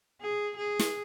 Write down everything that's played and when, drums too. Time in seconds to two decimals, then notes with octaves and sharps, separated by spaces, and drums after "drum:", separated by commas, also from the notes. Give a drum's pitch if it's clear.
0.21 G#4
0.56 G#4
0.79 drum: snare